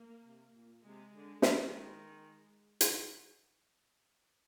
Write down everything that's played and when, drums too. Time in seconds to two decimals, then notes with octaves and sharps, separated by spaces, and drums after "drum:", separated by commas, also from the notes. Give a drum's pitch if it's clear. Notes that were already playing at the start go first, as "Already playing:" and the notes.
Already playing: A#3
0.24 C3
0.52 A#2
0.83 C3 G#3
1.13 D3
1.42 D#3, drum: snare
1.67 F3
1.72 D#3
2.81 drum: hi-hat